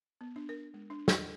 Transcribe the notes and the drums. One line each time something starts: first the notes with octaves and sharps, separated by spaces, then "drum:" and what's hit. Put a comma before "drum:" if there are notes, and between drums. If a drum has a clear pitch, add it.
B3
D4
A#4
G#3
D4
D#5, drum: snare